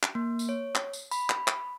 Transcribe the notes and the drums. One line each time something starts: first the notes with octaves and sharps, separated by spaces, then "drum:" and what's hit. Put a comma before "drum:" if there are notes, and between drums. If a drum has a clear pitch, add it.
drum: clap
A#3
drum: tambourine
C#5
drum: clap
drum: tambourine
B5, drum: tambourine
drum: clap
drum: clap